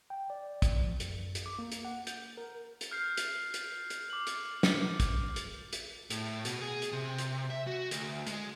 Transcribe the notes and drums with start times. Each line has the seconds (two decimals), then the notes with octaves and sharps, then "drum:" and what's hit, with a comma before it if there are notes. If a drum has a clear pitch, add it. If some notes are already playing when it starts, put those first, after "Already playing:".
0.10 G5
0.30 D5
0.62 drum: kick, hi-hat
0.80 F3
1.00 F#2, drum: hi-hat
1.35 drum: hi-hat
1.46 D6
1.59 A#3
1.72 drum: hi-hat
1.85 F#5
2.07 G6, drum: hi-hat
2.37 A#4
2.81 drum: hi-hat
2.91 F6 G6 C7
3.17 drum: hi-hat
3.54 drum: hi-hat
3.90 drum: hi-hat
4.10 D6 F#7
4.27 drum: hi-hat
4.63 drum: snare
5.00 drum: kick, hi-hat
5.36 drum: hi-hat
5.73 drum: hi-hat
6.10 A2, drum: hi-hat
6.45 B2, drum: hi-hat
6.61 G#4
6.82 drum: hi-hat
6.92 C3
7.18 drum: hi-hat
7.50 E5
7.67 F#4
7.91 D2, drum: hi-hat
8.27 G#3, drum: hi-hat